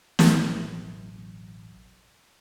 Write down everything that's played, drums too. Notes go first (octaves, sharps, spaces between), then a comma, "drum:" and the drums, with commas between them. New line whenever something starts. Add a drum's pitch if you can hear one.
E1 A1 F#3, drum: snare